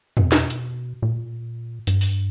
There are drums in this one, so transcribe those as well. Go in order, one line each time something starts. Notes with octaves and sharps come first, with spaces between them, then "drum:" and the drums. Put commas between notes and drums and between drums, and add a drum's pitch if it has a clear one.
B2, drum: tom E2
drum: snare
drum: hi-hat
A#2
G2, drum: hi-hat
drum: open hi-hat